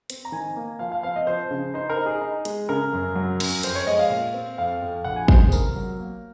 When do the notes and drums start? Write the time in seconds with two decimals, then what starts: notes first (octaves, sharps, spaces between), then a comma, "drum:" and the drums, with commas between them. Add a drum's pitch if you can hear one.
0.10 C4, drum: hi-hat
0.25 A#5
0.32 D#3 G#5
0.56 A#3
0.79 F3 F5
0.92 F5
1.03 C4 F5
1.16 D#5
1.27 F3 C5
1.51 C#3
1.74 D#4 C5
1.90 A#4
1.98 D#4
2.06 G#4
2.21 D#4
2.45 G#3, drum: hi-hat
2.69 C#3 A#4
2.93 F#2
3.15 F#3
3.40 F#2, drum: cymbal
3.63 F2 C5, drum: hi-hat
3.75 C#5
3.87 G#3 D#5
3.99 F5
4.10 A#2
4.34 C4
4.58 F2 F5
4.82 F2
5.04 A#1 F#5
5.16 G#5
5.28 A#2 C5, drum: kick
5.40 G#4
5.52 C3 A#4, drum: tambourine
5.76 F#3
6.00 A#3